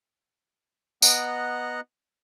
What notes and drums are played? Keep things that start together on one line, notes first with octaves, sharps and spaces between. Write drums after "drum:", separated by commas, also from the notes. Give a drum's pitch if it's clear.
B3 D#5 F#5 A#5 F#6, drum: tambourine